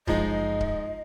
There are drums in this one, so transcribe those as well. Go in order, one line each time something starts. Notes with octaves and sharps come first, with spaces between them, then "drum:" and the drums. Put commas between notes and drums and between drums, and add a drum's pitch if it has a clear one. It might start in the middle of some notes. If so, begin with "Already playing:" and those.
F#1 F3 G#3 D#4 D#5, drum: kick C#1
drum: kick C#1